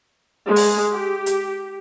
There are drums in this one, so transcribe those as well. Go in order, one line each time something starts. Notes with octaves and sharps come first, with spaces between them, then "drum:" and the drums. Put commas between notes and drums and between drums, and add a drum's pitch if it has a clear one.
G#3
drum: open hi-hat
G4
drum: hi-hat